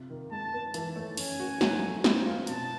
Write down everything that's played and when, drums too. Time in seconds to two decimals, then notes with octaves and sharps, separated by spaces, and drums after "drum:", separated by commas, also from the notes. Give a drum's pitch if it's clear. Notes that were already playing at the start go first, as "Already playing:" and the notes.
Already playing: C3 F4
0.10 D#3
0.31 G#3 A5
0.53 B3
0.74 E3 A5, drum: hi-hat
0.96 A3
1.17 C#4 G#5, drum: open hi-hat
1.40 F#4
1.61 F#3, drum: snare
1.82 A3
2.04 C4, drum: snare
2.26 F4
2.47 B2 A5, drum: hi-hat